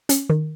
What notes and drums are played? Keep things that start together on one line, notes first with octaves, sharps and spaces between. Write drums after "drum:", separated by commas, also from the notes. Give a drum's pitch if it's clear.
C#4, drum: hi-hat
D#3